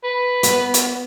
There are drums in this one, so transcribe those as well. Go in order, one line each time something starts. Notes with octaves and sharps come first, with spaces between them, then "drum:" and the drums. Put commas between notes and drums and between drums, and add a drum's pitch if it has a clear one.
B4
B3, drum: hi-hat
drum: hi-hat